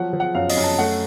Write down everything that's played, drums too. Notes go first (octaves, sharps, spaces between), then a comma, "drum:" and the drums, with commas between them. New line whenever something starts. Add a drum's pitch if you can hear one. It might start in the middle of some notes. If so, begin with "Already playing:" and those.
Already playing: F3 F#3 F#5
F3
F#5
F#2 F5
D#5, drum: open hi-hat
F#2
A5
A3 F#5